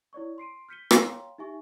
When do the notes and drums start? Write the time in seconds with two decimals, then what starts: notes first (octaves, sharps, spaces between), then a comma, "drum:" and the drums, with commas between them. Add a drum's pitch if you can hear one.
0.13 E4 C#5 D5 C#6
0.38 C6 C7 D7 D#7
0.69 F6 G6 B6 C#7 D#7 G7
0.91 C#5 F5 G5 A#5 C6, drum: rim click
1.38 D#4 G4 E5 G#5 C#6